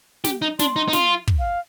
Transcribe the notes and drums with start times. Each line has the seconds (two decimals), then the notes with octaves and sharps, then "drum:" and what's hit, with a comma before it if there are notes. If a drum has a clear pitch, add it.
0.24 G4, drum: snare
0.42 D#4
0.59 D4 C6, drum: snare
0.76 D#4
0.88 D#4
0.93 F4 C6, drum: snare
1.28 drum: kick
1.39 F5